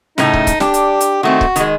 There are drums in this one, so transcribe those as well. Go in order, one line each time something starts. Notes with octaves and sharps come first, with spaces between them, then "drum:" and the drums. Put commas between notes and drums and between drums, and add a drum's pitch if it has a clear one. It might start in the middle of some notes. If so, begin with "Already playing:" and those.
A2 C#3 A3 D#4, drum: snare
drum: kick
drum: kick, hi-hat
D4 G4, drum: snare
drum: hi-hat
drum: hi-hat
D#3 A3 C4 F#4
drum: kick
D#3 G#3, drum: hi-hat